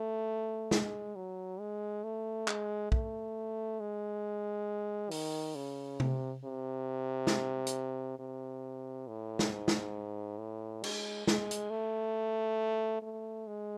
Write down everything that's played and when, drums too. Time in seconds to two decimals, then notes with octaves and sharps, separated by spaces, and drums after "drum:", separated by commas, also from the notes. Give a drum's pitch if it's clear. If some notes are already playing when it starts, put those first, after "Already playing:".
Already playing: A3
0.71 G#3, drum: snare
1.16 F#3
1.60 G#3
2.04 A3
2.48 G#3, drum: clap
2.92 A3, drum: kick
3.80 G#3
5.11 D#3, drum: open hi-hat
5.56 C#3
6.00 C3, drum: tom C3
6.44 C3
7.27 drum: snare
7.67 drum: hi-hat
8.19 C3
9.08 A2
9.39 drum: snare
9.51 G#2
9.68 drum: snare
10.39 A2
10.84 G#3, drum: cymbal
11.27 G#3, drum: snare
11.51 drum: hi-hat
11.70 A3
13.02 A3
13.47 G#3